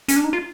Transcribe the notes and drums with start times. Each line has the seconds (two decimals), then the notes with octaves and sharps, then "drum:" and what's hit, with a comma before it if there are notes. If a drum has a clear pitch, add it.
0.08 C#4, drum: hi-hat
0.16 D4
0.24 D#4
0.33 F4